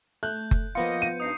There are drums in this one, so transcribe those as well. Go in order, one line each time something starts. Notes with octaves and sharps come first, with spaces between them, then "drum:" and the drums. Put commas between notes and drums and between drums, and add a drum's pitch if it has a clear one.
A3 F#6 G6
drum: kick F#1
F3 A#3 B3 F4 D#5 C#7
D#7
G2 D#4 D#6 C7